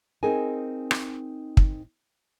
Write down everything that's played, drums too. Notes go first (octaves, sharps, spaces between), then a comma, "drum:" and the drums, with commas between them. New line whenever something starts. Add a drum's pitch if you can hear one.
C4 D#4 G#4 A#4 G#5
drum: rim click
drum: kick